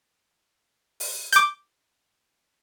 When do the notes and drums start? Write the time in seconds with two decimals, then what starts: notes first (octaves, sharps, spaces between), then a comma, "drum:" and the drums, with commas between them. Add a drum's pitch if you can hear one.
1.00 drum: open hi-hat
1.32 D6 G6, drum: hi-hat